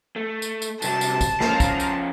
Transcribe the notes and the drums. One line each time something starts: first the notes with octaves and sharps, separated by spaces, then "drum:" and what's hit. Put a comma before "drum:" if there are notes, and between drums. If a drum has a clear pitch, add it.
A3
drum: tambourine
drum: tambourine
G2 C3 F#3 A5 E7, drum: tambourine
drum: tambourine
drum: kick, tambourine
F3 C#4 C5 F5 A#5, drum: snare
drum: kick, tambourine
drum: tambourine